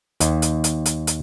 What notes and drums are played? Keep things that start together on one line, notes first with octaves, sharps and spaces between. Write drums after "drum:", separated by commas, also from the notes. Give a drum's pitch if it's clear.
D#2, drum: hi-hat
drum: hi-hat
drum: hi-hat
drum: hi-hat
drum: hi-hat